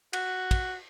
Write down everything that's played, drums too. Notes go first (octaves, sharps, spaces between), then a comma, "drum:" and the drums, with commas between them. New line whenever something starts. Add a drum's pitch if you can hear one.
F#4, drum: cymbal
drum: kick, cymbal